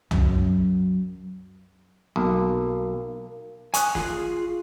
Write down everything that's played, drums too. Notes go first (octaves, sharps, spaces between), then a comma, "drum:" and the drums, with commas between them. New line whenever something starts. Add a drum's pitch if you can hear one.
F#2 F#3, drum: tom
B1 A#3
G#5 C#6 D#6 F#6, drum: hi-hat
F4 G#4, drum: snare